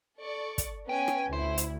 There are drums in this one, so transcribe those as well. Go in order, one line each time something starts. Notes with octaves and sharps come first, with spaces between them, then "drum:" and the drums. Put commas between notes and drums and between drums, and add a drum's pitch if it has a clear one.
A4 D5 C#6
drum: kick, hi-hat
B3 C#4 G5 G#5
drum: rim click
D2 E4 C5
drum: hi-hat